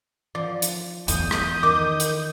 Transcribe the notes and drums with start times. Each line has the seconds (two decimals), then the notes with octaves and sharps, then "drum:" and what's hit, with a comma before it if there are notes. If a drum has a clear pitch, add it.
0.35 F3 D5
0.62 drum: hi-hat
1.08 E2 D#6 G6, drum: hi-hat
1.31 drum: rim click
1.63 D#3 D6
2.00 drum: hi-hat